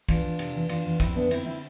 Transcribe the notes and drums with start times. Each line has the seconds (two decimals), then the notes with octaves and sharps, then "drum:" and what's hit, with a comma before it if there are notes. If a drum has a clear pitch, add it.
0.09 E2 D4 F4, drum: kick, cymbal
0.24 E2
0.39 C3, drum: cymbal
0.55 E2
0.69 E2 D4 F4, drum: cymbal
0.85 E2
1.00 F2 C4 E4, drum: kick, cymbal
1.15 D3 B3 D4
1.31 D3 C4 E4, drum: cymbal
1.46 D3 C4 E4